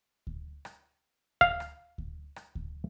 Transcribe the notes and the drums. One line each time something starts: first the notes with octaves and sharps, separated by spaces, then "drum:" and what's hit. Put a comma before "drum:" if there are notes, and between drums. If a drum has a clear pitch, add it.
drum: kick D2
drum: rim click
F5, drum: kick D2
drum: rim click
drum: kick D2
drum: rim click
drum: kick D2